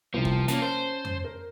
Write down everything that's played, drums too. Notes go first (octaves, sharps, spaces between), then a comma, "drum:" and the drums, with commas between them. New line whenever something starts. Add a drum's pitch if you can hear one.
C2 C3 F3
drum: kick
A#3 C#4 F4 A5, drum: hi-hat
C5
drum: tom F2
A#4